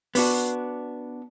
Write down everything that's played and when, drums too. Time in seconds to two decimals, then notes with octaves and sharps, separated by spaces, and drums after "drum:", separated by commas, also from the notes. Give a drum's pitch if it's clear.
0.15 B3 D4 F#4, drum: open hi-hat